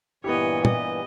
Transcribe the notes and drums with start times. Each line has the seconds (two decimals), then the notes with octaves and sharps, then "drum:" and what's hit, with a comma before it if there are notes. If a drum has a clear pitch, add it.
0.24 G2 A#2 E3 B3 E4 G4 C#5 D#5
0.65 D#5, drum: tom